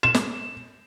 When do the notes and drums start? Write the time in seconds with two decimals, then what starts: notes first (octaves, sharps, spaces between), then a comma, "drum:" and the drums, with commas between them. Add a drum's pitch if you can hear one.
0.03 E7
0.14 drum: snare